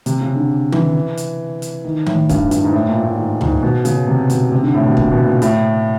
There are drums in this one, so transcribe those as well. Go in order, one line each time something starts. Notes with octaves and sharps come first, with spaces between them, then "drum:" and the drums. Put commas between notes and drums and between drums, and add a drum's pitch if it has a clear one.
C3, drum: hi-hat
C#3
D3
E3, drum: tom D#3
drum: hi-hat
drum: hi-hat
D#3
A2, drum: tom D#3
G2, drum: kick, hi-hat
G2, drum: hi-hat
G#2
A2
A#2
A2
G#2
G#2, drum: tom
B2
C#3, drum: hi-hat
C3
B2, drum: hi-hat
C3
D3
A2
B2
A#2, drum: kick
B2
A#2
A2, drum: hi-hat